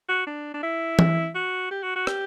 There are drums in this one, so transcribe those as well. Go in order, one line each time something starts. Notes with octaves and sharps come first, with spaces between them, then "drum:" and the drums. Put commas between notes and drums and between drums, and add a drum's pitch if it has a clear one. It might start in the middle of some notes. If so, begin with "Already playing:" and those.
F#4
D4
D4
E4
drum: tom E3
F#4
G4
F#4
F#4
G4, drum: rim click